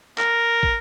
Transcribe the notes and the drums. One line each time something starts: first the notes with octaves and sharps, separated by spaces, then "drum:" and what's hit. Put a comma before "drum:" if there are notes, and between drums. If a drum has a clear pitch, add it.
A#4, drum: clap
drum: kick